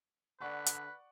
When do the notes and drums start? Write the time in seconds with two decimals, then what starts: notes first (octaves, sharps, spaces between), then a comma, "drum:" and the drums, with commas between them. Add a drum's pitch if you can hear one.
0.41 D3 B4 D5 F#5 C#6
0.66 drum: hi-hat